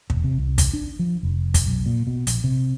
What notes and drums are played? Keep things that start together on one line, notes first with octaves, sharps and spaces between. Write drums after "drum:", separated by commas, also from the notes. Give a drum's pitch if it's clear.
E1, drum: kick
C3
C2
drum: kick, hi-hat
D4
F3
F1
drum: kick, hi-hat
B1
A#2
B2
A#1, drum: hi-hat
C3